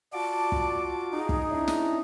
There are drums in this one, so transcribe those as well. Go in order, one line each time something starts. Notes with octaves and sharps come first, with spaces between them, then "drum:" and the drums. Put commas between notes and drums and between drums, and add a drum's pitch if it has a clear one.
F4 F#4 D5 A5 D6
drum: kick
D#4 G#4
drum: kick
C#4 D4 E4
drum: snare